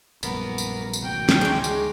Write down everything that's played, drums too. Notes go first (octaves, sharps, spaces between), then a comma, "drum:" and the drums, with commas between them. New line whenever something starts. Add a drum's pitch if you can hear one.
A#1 F#2 G3 A#3 B3 A#4, drum: tambourine
drum: tambourine
drum: tambourine
A1 C3 F#3 A#3 G5
drum: snare
D2 D#3 G#3 C#5 D6
drum: tambourine